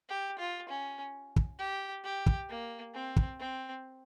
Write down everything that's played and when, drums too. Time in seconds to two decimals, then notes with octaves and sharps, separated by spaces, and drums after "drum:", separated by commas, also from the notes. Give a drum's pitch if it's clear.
0.09 G4
0.39 F4
0.69 C#4
1.36 drum: kick
1.59 G4
2.04 G4
2.26 drum: kick
2.49 A#3
2.94 C4
3.16 drum: kick
3.39 C4